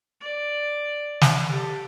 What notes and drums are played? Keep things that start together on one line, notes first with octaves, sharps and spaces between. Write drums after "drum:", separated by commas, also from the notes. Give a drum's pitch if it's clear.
D5
drum: snare
G4 A4